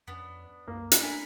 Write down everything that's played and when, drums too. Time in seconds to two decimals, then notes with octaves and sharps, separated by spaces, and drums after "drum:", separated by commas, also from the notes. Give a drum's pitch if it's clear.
0.08 F2 B3 C#4 D4
0.68 C2 F#2 A#3
0.91 drum: hi-hat
1.01 A3 D4 E4 A#4 G#5